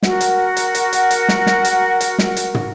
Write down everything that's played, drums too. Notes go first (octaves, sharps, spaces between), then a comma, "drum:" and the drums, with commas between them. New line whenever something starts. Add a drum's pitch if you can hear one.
F#4 A#4 F#5, drum: snare
drum: hi-hat
drum: hi-hat
drum: hi-hat
drum: hi-hat
drum: hi-hat
drum: snare
drum: snare
drum: hi-hat
drum: hi-hat
drum: snare
drum: hi-hat
drum: tom